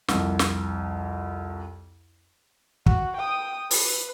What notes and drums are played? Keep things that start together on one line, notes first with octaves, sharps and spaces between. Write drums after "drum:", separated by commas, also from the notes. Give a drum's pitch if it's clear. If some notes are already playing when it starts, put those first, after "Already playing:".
C2 F2, drum: snare
drum: snare
F#4, drum: kick
G5 D#6
B4, drum: open hi-hat